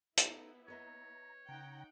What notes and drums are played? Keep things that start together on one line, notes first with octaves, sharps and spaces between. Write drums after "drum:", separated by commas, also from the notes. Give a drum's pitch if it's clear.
B3 D#4 E4 A4, drum: hi-hat
B4 C#5 D#5 E5 A#5
C#3 D#4 F#5 G5 A#5